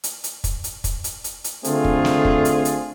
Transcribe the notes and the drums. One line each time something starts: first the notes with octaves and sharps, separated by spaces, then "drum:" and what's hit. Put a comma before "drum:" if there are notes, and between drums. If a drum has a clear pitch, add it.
drum: hi-hat
drum: hi-hat
drum: kick, hi-hat
drum: hi-hat
drum: kick, hi-hat
drum: hi-hat
drum: hi-hat
drum: hi-hat
D3 A3 C4 F4 G#4, drum: hi-hat
drum: kick
drum: snare
drum: kick
drum: hi-hat
drum: hi-hat